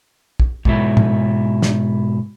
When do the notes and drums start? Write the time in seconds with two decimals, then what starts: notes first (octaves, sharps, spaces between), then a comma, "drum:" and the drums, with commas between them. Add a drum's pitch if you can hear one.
0.40 drum: kick
0.65 G#2 B2 E4, drum: kick
0.97 drum: tom
1.62 drum: snare